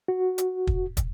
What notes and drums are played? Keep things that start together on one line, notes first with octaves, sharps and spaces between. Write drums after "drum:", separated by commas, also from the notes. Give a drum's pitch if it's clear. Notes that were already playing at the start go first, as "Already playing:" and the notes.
F#4
drum: hi-hat
drum: kick
drum: kick, hi-hat